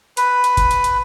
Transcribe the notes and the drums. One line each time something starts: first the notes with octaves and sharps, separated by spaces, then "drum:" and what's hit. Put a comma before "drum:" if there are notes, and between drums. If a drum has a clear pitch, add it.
B4, drum: hi-hat
drum: hi-hat
drum: kick G1, hi-hat
drum: hi-hat
drum: hi-hat